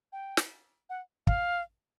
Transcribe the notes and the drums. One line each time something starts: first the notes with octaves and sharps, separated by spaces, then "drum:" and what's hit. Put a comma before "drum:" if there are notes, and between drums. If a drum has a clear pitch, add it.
G5
drum: snare
F#5
F5, drum: kick